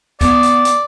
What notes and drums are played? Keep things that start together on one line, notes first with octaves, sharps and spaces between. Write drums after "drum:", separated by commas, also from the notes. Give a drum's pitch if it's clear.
B3 D5, drum: kick C#2, hi-hat
drum: hi-hat
drum: hi-hat